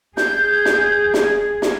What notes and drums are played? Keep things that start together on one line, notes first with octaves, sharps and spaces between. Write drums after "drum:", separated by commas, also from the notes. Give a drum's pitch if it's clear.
G#4 G6, drum: snare
drum: snare
drum: snare
drum: snare